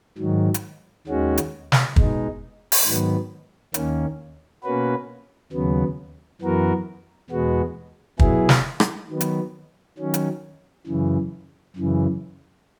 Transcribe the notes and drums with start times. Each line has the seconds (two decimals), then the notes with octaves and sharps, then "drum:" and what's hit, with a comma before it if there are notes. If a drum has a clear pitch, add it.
0.18 G#2 D#3 F#3
0.54 drum: hi-hat
1.07 D#2 D#3 G#3 C#4 F#4
1.38 drum: hi-hat
1.72 drum: snare
1.96 B2 G#3 D#4, drum: kick
2.72 drum: open hi-hat
2.85 G#2 D#3 F#3 B3
3.74 D#2 D#3 A#3 C#4, drum: hi-hat
4.64 B2 A#3 C#4 F#4 B4
5.53 D#2 C#3 F#3 B3
6.42 F#2 E3 B3 F#4 A#4
7.30 E2 B2 G#3 B3 F#4
8.19 B2 F#3 B3 E4 G#4, drum: kick
8.49 drum: snare
8.80 drum: rim click
9.08 D#3 F#3 B3
9.21 drum: hi-hat
9.98 D#3 F#3 C#4
10.14 drum: hi-hat
10.87 F#2 C#3 E3
11.76 F#2 C#3 E3